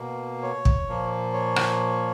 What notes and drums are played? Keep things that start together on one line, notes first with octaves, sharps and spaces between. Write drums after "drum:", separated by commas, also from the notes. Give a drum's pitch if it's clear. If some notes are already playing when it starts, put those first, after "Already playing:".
Already playing: B2 A#3
C#5
drum: kick
A#2 F3 A#3
C#5
drum: rim click